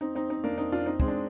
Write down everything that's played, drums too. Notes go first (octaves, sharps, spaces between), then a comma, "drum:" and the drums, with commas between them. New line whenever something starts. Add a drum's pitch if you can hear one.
C4 D#4
C4 D#4
C4 D#4
A#3 D4
C4 D#4
D4 F4
C4 D#4
G#3 C4, drum: kick
D4